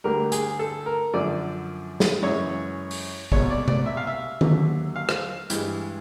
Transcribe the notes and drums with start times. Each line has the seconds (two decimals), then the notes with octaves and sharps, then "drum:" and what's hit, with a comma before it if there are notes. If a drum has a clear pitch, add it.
0.04 D2 D3 G3 A#4
0.32 G#4, drum: hi-hat
0.59 A4
0.86 A#4
1.13 F#2 D3 F3 D5
2.00 drum: snare
2.22 F#2 C#3 E3 G#3 C#5
2.91 drum: open hi-hat
3.32 C2 B2 G#3 C#5, drum: kick
3.50 D5
3.68 D5, drum: tom C3
3.86 E5
3.97 F5
4.07 E5
4.41 D#2 D3 F#3, drum: tom D#3
4.96 F5
5.09 drum: rim click
5.50 G2 E3 G#3, drum: hi-hat